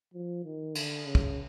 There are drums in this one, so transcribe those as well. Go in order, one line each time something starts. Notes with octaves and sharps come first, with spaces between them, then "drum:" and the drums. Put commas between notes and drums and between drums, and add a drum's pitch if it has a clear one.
F3
D#3
D3, drum: cymbal
C#3
drum: kick